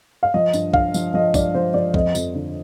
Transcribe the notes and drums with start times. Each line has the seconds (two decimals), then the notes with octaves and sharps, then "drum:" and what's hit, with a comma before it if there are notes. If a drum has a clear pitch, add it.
0.23 F5
0.34 F3 D#5
0.53 G2, drum: tambourine
0.73 G2 F5, drum: kick
0.94 F3, drum: tambourine
1.14 F3 D#5
1.34 G2 D5, drum: kick, tambourine
1.55 F3 C5
1.74 F3 D5
1.94 F2 D#5, drum: kick
2.15 F2, drum: tambourine
2.35 D3